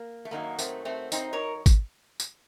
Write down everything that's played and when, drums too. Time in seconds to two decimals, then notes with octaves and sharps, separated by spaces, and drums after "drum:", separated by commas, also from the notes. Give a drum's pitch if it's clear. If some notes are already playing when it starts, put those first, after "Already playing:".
Already playing: A#3
0.25 A3
0.31 F#2 D#3 F#3 A#3
0.59 A3 C4, drum: tambourine
0.85 A3 C4
1.12 C4 D#4, drum: tambourine
1.33 A#4 C#5
1.66 drum: kick G#1, tambourine
2.20 drum: tambourine